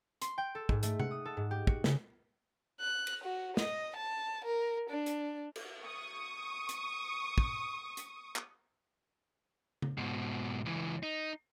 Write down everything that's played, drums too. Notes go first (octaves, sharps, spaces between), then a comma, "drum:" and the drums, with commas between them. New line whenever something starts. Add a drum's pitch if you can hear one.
C6, drum: hi-hat
G5
A4
G#2, drum: kick
A3, drum: hi-hat
F#5, drum: tom C3
D#6
A4
G#2
G4
F#4, drum: kick
C#3, drum: snare
F#6
drum: cymbal
F#4
D#5, drum: snare
A5
A#4
D4
drum: hi-hat
drum: cymbal
C#6 D#6
drum: hi-hat
drum: kick
drum: hi-hat
drum: clap
drum: tom C#3
G#2 B2
C#2 E3
D#4